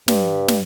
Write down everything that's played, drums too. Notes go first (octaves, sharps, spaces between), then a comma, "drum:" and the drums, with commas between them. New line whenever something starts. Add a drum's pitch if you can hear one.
G2, drum: snare
drum: snare